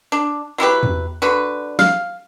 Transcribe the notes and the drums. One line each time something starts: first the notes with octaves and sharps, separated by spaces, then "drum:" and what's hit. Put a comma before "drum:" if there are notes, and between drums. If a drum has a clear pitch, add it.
D4
F#3 E4 G4 B4
drum: tom E2
D3 F#4 B4
F5, drum: snare